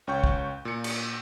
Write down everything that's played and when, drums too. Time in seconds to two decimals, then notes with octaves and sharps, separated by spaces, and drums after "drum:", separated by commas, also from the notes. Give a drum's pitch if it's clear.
0.07 C#2 C#4 G5 C#6 G6
0.24 drum: kick
0.65 A#2 C#7
0.84 drum: cymbal